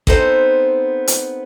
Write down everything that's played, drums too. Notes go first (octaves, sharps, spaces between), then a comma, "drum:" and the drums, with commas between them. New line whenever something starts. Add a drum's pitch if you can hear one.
B3 C4 D#4 A4 C5, drum: kick A1
drum: hi-hat